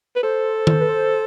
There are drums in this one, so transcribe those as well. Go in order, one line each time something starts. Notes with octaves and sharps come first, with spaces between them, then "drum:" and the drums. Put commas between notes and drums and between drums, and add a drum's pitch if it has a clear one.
B4
A4 C5
drum: tom D#3
B4
C5